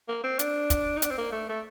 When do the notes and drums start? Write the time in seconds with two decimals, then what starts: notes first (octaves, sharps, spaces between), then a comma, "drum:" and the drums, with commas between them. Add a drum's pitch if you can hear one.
0.08 A#3
0.24 C4
0.39 D4, drum: hi-hat
0.70 drum: kick, hi-hat
0.97 D#4
1.02 D4, drum: hi-hat
1.11 C4
1.18 A#3
1.32 A3
1.49 A3